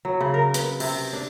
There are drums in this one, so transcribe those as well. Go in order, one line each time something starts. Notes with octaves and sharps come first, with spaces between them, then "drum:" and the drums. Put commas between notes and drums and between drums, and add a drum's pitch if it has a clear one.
F#3
C#3
A#4
B4, drum: hi-hat
C3, drum: open hi-hat
D4